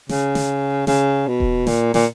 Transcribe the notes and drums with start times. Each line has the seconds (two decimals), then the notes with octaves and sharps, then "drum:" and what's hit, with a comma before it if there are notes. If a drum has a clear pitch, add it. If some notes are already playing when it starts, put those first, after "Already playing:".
0.09 C#3, drum: snare
0.35 drum: snare
0.87 C#3, drum: snare
1.27 B2
1.40 drum: kick D#1
1.67 A#2, drum: snare
1.94 A#2, drum: snare